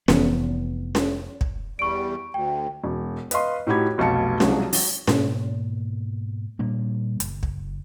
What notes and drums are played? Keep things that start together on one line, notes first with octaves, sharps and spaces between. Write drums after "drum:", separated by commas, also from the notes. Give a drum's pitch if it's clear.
F1 E3 B3, drum: snare C#4
drum: snare C#4
drum: kick
E2 G3 C#6 D7
D2 G5
E1
B4 D#5 F5 C6, drum: hi-hat
A2 D#4 F#4 G4 B5 G#6
F1 B1 F5 A5 C#7
C2 F3 F#3 G#3, drum: snare C#4
F#3, drum: open hi-hat
G#2 B2 A#3, drum: snare C#4
A#2 G3 A#3 D4
F#1, drum: hi-hat
drum: kick